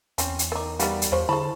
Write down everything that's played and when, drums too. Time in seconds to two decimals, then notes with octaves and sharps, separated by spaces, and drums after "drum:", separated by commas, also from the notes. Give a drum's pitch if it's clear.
0.18 E2 C4 C#4, drum: hi-hat
0.39 drum: hi-hat
0.52 D#3 D#4 A#4 D6
0.79 G3 B3 D#4 F#4 F5, drum: hi-hat
1.02 drum: hi-hat
1.12 E2 F3 F#3 C5 C6 C#6
1.29 D3 E4 G#4 A5 B5 C#6